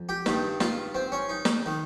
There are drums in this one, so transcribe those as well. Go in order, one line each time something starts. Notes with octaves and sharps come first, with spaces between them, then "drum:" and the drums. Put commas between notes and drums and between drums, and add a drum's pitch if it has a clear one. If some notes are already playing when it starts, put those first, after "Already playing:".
Already playing: F2
G4
G2 D#3, drum: snare
F4, drum: snare
C4
C#4
D#4
drum: snare
D#3